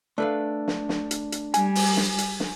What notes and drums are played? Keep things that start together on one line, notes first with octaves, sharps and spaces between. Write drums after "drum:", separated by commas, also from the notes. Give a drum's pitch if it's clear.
A3 D4 B4 F5
drum: snare
drum: snare
drum: hi-hat
drum: hi-hat
G3 G#5, drum: hi-hat
drum: open hi-hat
drum: snare
drum: hi-hat
drum: snare